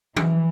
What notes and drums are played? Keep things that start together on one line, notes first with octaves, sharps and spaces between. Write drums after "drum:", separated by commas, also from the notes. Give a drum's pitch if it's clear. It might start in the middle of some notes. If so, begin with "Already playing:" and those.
E3, drum: tom F3